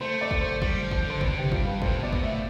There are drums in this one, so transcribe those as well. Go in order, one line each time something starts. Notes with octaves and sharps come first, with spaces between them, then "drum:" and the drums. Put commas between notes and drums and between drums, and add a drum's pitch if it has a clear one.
A3 C5
D5
drum: kick
C5
G3, drum: kick
F3
drum: kick
D3
C5
C3 B4, drum: kick
D3
C3 G4
G2 F4, drum: kick
B4
A2 C5, drum: kick
C3
B2 D5
drum: kick
A2 E5